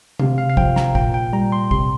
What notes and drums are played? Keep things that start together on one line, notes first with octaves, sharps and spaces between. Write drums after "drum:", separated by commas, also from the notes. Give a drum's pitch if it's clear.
C3 F5, drum: tom C3
F5
F5
F3 G5, drum: kick
A#5, drum: snare
A#2 G5, drum: kick
G5
G3 A#5
C6
C3 C6, drum: kick